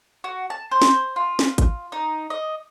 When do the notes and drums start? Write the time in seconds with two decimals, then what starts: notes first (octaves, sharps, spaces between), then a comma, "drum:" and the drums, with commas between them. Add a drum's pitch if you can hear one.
0.24 F#4
0.50 A5
0.71 C5
0.82 drum: snare
1.16 F4
1.39 drum: snare
1.58 drum: kick G#1, hi-hat
1.92 D#4
2.30 D#5